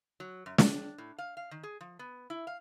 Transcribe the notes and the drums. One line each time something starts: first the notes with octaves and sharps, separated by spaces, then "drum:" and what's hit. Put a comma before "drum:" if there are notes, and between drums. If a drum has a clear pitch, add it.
F#3
F#2
D4, drum: snare
A2
F5
F5
D#3
G#4
F3
B3
E4
F5